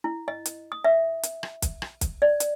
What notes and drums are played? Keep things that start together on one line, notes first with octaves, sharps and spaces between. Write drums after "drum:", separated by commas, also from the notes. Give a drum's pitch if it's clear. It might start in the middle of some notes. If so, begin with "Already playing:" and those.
E4
D#5
drum: hi-hat
D#6
E5
drum: hi-hat
drum: rim click
drum: kick, hi-hat
drum: rim click
drum: kick, hi-hat
D5
drum: hi-hat